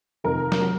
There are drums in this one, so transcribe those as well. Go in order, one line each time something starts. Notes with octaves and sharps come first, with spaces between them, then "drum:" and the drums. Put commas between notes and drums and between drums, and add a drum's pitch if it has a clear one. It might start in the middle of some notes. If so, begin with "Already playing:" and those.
F2 C3 D#3 A#4
drum: snare
F#3